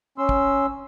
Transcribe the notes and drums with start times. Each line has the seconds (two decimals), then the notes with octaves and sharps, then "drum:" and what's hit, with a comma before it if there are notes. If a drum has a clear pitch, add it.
0.18 C#4 C6 E6
0.29 drum: kick